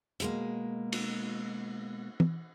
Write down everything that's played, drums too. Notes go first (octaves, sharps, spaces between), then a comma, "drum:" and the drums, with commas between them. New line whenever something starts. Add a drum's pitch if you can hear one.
B2 G#3 A#3, drum: hi-hat
drum: cymbal
drum: tom